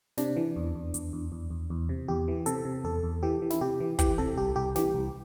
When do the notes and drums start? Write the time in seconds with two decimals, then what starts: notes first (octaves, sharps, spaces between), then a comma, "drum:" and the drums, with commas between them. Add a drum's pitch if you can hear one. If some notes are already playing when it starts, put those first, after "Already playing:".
0.18 C3 D4, drum: snare
0.36 E3
0.56 E2
0.75 E2
0.94 E2, drum: hi-hat
1.13 E2
1.32 E2
1.50 E2
1.70 E2
1.89 C3
2.08 E2 G4
2.28 E3
2.46 C3 A4, drum: hi-hat
2.65 C3
2.84 E2 A4
3.03 E2
3.23 E3 G4
3.42 E3
3.50 E4, drum: snare
3.61 C3 G4
3.80 E3
3.99 E3 G4, drum: kick, hi-hat
4.18 C3 A4
4.37 C2 G4
4.56 C2 G4
4.76 E3 G4, drum: snare
4.94 C2